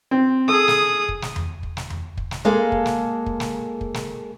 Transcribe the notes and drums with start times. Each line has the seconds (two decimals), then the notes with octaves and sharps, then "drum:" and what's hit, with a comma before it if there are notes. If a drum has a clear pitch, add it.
0.11 C4
0.48 G#4 A4 D#6
0.68 drum: snare
1.09 drum: kick
1.22 drum: snare
1.36 drum: tom E2
1.63 drum: kick
1.77 drum: snare
1.90 drum: tom E2
2.18 drum: kick
2.31 drum: snare
2.45 G#3 A#3 G#4 A4 F5
2.72 drum: kick
2.86 drum: snare
3.26 drum: kick
3.40 drum: snare
3.81 drum: kick
3.94 drum: snare